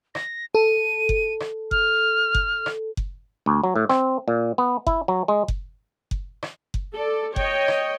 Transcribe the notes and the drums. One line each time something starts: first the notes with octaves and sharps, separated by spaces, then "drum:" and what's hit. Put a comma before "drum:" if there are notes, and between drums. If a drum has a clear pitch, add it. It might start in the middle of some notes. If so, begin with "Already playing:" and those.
A#6, drum: rim click
A4 D#7
drum: kick F#1
drum: rim click
F6, drum: kick F#1
drum: kick F#1
drum: rim click
drum: kick F#1
D2
F#3
A2
C4, drum: rim click
A#2
B3
E4, drum: kick F#1
F#3
G#3
drum: kick F#1
drum: kick F#1
drum: rim click
drum: kick F#1
A4 D5
C#5 D#5 G5, drum: kick F#1
drum: rim click